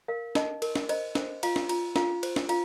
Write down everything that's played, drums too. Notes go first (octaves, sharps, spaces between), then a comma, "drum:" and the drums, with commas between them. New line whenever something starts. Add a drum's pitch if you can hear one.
A#4 F5
D#4 D#5, drum: snare
A#4, drum: cymbal
drum: snare
C5 D#5, drum: cymbal
C5, drum: snare
F4 F5, drum: cymbal
drum: snare
F4, drum: cymbal
F4 F5, drum: snare
C5, drum: cymbal
drum: snare
F4 F5, drum: cymbal